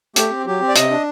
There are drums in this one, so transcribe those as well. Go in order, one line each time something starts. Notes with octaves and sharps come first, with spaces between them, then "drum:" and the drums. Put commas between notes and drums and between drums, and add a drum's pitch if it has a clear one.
A3 G4, drum: hi-hat
C4
F#3 G4
C4
D5
C3 D#5, drum: hi-hat
D4